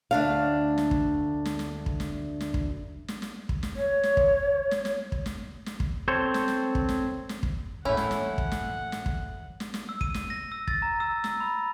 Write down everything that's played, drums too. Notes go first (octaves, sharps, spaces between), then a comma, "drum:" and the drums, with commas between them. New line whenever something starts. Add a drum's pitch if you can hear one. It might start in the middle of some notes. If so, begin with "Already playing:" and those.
D2 D4 F5
drum: snare
drum: kick
drum: snare
drum: snare
drum: kick
drum: snare
drum: snare
drum: kick
drum: snare
drum: snare
drum: kick
drum: snare
C#5
drum: snare
drum: kick
drum: snare
drum: snare
drum: kick
drum: snare
drum: snare
drum: kick
C4 A4 C5 C#5
drum: snare
drum: snare
drum: kick
drum: snare
drum: snare
drum: kick
A2 E3 A3 C#4 E4 F#5
drum: snare
drum: snare
drum: kick
drum: snare
drum: snare
drum: kick
drum: snare
drum: snare
E6
D#7, drum: kick
drum: snare
A#6
E6
A6, drum: kick
A#5
E6
E6, drum: snare
B5